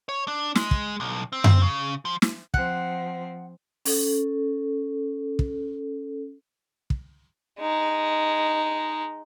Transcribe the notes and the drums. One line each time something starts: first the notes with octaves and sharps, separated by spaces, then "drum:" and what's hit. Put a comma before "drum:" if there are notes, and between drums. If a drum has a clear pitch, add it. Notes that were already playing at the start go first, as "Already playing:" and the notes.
C#5
D4
G#3, drum: snare
drum: kick
B1
C4
drum: tom F#2
C#3
F3
drum: snare
F3 C4 F#5, drum: kick
C#4 A4, drum: open hi-hat
drum: kick
drum: kick
G#3 D#4